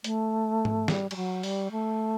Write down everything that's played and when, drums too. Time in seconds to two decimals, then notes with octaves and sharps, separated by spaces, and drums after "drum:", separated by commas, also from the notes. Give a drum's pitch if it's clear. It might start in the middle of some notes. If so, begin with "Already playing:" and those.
0.04 A3, drum: hi-hat
0.65 drum: tom G#2
0.88 G3, drum: snare
1.11 G3, drum: cymbal
1.16 F#3
1.43 G3, drum: open hi-hat
1.71 A3